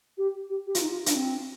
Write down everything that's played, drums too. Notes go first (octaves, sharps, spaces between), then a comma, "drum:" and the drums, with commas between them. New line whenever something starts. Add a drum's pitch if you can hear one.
G4
G4
G4
F4, drum: hi-hat
D#4
F4
D4, drum: hi-hat
C4